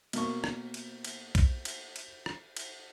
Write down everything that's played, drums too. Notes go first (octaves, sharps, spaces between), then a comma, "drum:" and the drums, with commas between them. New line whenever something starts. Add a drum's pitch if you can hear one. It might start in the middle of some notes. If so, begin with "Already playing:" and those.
B2 A#3 C#6, drum: cymbal
drum: rim click
drum: cymbal
drum: cymbal
drum: kick B1, cymbal
drum: cymbal
drum: cymbal
drum: rim click
drum: cymbal